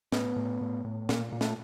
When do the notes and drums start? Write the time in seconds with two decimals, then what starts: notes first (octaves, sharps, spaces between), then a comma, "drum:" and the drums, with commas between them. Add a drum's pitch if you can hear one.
0.12 A2 B3, drum: snare
0.36 A2
0.61 A2
0.84 A2
1.09 A#2 A#3, drum: snare
1.32 A#2
1.41 A3, drum: snare